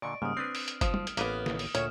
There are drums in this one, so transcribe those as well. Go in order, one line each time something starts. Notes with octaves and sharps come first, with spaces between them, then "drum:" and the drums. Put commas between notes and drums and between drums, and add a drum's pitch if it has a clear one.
A#2 D3 D5 D#5 C#6 D7
G#2 C#3 G3 A#3 D#6 F6
C4 D4 B4 C7
drum: open hi-hat
drum: hi-hat
F3 D#6, drum: kick F#1, hi-hat
drum: tom
drum: hi-hat
A1 A#3 B3 B4 A#5, drum: hi-hat
drum: snare
drum: open hi-hat
D2 A#2 D3 C#5 F6 E7, drum: hi-hat